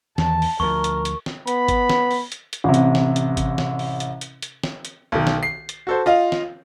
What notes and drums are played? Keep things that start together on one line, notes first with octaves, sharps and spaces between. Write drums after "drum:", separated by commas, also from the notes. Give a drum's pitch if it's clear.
E2 D#3 A5, drum: snare
drum: open hi-hat
D2 F3 A#4 C#6
drum: hi-hat
drum: hi-hat
drum: snare
B3 B5, drum: hi-hat
drum: kick G1, hi-hat
drum: snare
drum: open hi-hat
drum: hi-hat
drum: hi-hat
A1 C3
drum: hi-hat
drum: snare
drum: hi-hat
drum: kick G1, hi-hat
drum: snare
drum: open hi-hat
drum: hi-hat
drum: hi-hat
drum: hi-hat
drum: snare
drum: hi-hat
B1 D#3
drum: snare
C7
drum: hi-hat
F#4 A4 C5
F4 D#5 F5
drum: snare